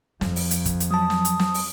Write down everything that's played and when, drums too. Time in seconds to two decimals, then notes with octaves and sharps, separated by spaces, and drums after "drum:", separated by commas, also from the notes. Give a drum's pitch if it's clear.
0.21 F2 F3, drum: snare
0.36 drum: open hi-hat
0.51 drum: hi-hat
0.65 drum: kick, hi-hat
0.80 drum: hi-hat
0.91 F#3 A5 D#6
1.10 drum: snare
1.25 drum: hi-hat
1.39 drum: snare
1.54 drum: open hi-hat